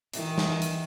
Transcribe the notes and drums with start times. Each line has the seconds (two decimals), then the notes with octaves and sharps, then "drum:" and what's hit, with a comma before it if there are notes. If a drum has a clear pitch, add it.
0.13 D#3 E3, drum: hi-hat
0.38 drum: snare
0.62 drum: hi-hat